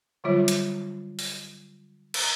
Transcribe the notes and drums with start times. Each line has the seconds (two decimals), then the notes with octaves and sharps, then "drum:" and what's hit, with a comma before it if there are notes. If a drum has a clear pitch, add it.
0.24 D3 F#3 G3 F4 C#5
0.48 drum: hi-hat
1.19 drum: open hi-hat
2.14 drum: cymbal